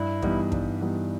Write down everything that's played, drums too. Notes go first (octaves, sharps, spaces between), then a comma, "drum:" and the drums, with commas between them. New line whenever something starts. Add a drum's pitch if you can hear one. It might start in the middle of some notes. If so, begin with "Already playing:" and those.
Already playing: G2 E4
E3 G3 B3 D#4, drum: kick
G2, drum: kick
E3 G3 B3 D#4